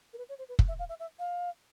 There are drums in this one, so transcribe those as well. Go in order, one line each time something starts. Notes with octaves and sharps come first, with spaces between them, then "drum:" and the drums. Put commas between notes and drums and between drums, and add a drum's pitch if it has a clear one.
A#4
B4
C#5
C5
B4
drum: kick
E5
F5
E5
E5
F5